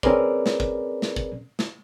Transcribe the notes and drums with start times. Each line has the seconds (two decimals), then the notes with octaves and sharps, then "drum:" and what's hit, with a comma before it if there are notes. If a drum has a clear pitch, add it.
0.03 C4 C#4 G#4 A#4 B4 D5, drum: kick
0.46 drum: snare
0.60 drum: kick
1.02 drum: snare
1.16 drum: kick
1.59 drum: snare